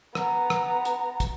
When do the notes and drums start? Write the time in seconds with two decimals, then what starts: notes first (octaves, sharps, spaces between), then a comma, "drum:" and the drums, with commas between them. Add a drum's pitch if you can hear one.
0.15 B3 A#5, drum: rim click
0.50 drum: rim click
0.85 drum: hi-hat
1.20 drum: kick, hi-hat